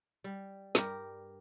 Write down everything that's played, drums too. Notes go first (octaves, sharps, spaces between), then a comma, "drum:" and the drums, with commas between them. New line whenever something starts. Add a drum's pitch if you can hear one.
G3
G2 G4 A#4, drum: snare